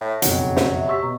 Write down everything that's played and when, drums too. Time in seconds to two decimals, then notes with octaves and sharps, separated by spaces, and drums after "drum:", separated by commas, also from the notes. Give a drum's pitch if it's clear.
0.01 A2
0.22 F#1 B1 F2 F#3, drum: hi-hat
0.56 drum: snare
0.75 C#5 E5
0.87 G4 C6 C#6 E6 B6
1.03 B2 A#5